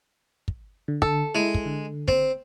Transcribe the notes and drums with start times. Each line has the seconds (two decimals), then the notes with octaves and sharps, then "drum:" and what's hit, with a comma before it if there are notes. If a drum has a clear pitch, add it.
0.48 drum: kick
0.88 D3
1.02 A4, drum: kick
1.35 G#3 E4
1.54 drum: kick
1.66 D3
2.08 C4, drum: kick